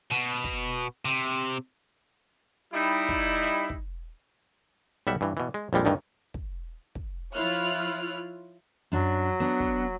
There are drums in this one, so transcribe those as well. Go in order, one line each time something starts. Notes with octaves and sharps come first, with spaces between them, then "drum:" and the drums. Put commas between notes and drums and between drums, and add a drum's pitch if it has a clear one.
B2
drum: kick
C3
G3 D#4 E4
drum: kick
drum: kick
B1 G3 E5 F#5
G2 E3
B2 E3
G#3
A#1 F2 G3 G#3
D2 G2 D#3 E3
drum: kick
drum: kick
F3 E4 F4 C#5 F6 F#6
F#2 F#3 D4
B3 D4
drum: kick